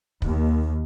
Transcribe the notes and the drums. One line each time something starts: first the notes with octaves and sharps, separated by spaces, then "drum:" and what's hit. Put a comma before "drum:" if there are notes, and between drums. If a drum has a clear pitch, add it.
D#2, drum: kick